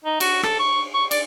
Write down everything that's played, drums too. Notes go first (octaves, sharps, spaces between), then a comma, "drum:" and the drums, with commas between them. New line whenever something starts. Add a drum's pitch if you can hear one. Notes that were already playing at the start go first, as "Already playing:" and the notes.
D#4
F#4, drum: cymbal
A4, drum: rim click
C#6
C#6
D5, drum: cymbal